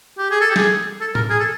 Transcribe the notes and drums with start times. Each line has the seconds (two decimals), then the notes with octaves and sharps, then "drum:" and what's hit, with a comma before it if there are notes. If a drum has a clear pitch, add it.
0.18 G4
0.31 G#4
0.41 A4
0.51 G4
0.56 G#4, drum: snare
1.01 A4
1.15 A#4, drum: tom A2
1.30 G#4
1.40 A4